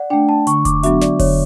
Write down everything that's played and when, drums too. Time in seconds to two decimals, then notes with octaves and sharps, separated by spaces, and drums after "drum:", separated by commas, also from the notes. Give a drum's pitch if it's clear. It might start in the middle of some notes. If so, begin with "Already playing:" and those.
Already playing: D5 F#5
0.10 A3 D4 G5
0.29 A5
0.47 D3 C#6, drum: hi-hat
0.65 D6, drum: kick F1, hi-hat
0.83 F#3 B3 D4 F#4 E5, drum: hi-hat
1.01 D5, drum: snare
1.19 D3 C#5, drum: kick F1, open hi-hat